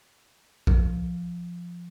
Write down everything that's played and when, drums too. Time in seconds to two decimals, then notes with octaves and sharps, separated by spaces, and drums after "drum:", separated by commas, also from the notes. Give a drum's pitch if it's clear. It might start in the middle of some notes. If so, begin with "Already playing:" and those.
0.67 F3, drum: kick A#1